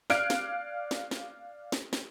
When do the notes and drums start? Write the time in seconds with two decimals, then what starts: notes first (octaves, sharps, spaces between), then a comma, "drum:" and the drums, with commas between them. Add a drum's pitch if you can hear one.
0.10 D5 F5 F6 F#6 G#6 D7, drum: snare
0.30 drum: snare
0.91 drum: snare
1.11 drum: snare
1.72 drum: snare
1.93 drum: snare